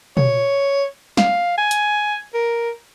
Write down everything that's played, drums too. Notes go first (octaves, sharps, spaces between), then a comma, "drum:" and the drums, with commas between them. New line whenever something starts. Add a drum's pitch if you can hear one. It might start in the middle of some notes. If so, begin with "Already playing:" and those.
C#5, drum: tom
F5, drum: snare
G#5
drum: hi-hat
A#4